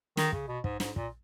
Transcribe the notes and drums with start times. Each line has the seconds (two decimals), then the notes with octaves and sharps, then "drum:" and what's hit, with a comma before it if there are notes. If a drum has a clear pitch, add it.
0.17 D#3, drum: snare
0.33 C#3, drum: kick
0.48 B2
0.64 G#2, drum: kick
0.80 G#2, drum: snare
0.96 A#2, drum: kick